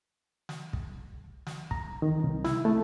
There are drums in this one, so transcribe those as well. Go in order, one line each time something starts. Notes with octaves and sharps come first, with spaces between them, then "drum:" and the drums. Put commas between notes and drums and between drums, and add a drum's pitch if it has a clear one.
drum: snare
drum: kick
drum: snare
A#5, drum: kick
D#3
C2
E4, drum: snare
A3